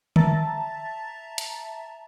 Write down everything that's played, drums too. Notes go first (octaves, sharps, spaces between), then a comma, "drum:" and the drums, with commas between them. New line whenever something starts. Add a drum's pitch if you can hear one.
E5 A5 A#5 A6, drum: tom D3
drum: hi-hat